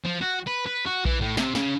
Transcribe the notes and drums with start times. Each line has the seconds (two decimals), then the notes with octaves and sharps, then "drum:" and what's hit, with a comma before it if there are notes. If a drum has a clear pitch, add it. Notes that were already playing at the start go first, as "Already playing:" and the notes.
0.05 F3
0.22 F#4
0.47 B4
0.66 B4
0.86 F#4
1.05 E3, drum: kick A#1
1.21 A2
1.37 C3, drum: snare
1.55 C#3, drum: snare